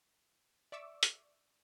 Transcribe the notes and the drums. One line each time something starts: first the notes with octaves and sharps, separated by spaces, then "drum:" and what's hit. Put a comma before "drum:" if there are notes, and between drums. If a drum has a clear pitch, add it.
D5 E5 C#6 D6 E6
drum: hi-hat